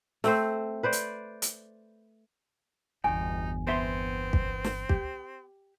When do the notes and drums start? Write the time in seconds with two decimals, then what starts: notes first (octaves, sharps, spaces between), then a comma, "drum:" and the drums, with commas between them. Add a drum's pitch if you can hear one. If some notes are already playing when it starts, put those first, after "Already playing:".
0.24 A3 C4 C5, drum: snare
0.83 B4 C5 D5
0.92 drum: hi-hat
1.42 drum: hi-hat
3.04 G1 E2 D#4 F#4 G5 G#5
3.67 B3 C4 E5 C6
4.33 drum: kick
4.64 drum: snare
4.89 G4, drum: kick